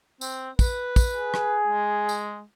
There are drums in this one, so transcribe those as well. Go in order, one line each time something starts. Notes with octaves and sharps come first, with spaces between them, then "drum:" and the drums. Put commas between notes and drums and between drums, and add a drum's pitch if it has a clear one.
C4, drum: tambourine
B4, drum: kick, tambourine
drum: kick, tambourine
G#4
drum: rim click
G#3
drum: tambourine